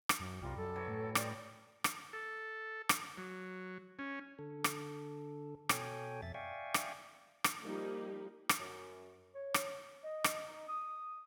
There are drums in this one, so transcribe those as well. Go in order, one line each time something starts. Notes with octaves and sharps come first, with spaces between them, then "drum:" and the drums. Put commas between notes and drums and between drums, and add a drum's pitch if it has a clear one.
drum: rim click
F#2
C2 G3 F4 A#5
F#2 A4
E3 F#3 C#5
A2
G3 C5 D5 D#5, drum: rim click
drum: rim click
A4
drum: rim click
F#3
C#4
D3 A4
drum: rim click
B2 A4 C#5 G5 G#5, drum: rim click
F2 E5 A6
D5 E5 F5 G5 G#5 C#6
drum: rim click
drum: rim click
F3 G3 A#3 D#4 G4
drum: rim click
F#2
C#5
drum: rim click
D#5
drum: rim click
D#4
D#6